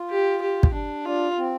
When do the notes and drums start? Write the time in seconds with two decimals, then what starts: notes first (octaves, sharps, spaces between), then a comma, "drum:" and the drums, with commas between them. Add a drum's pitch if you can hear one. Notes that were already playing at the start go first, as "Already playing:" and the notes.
Already playing: F4
0.10 G4
0.42 G4
0.63 drum: kick
0.74 D4
1.05 D4 F4
1.37 C4